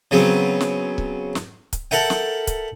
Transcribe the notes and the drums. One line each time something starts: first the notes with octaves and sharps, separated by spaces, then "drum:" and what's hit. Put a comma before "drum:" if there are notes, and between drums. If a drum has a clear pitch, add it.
C#3 F#3 B3 C4
drum: snare
drum: kick C#1
drum: snare
drum: kick C#1, hi-hat
A4 A#4 E5 F#5 G5
drum: snare
drum: kick C#1, hi-hat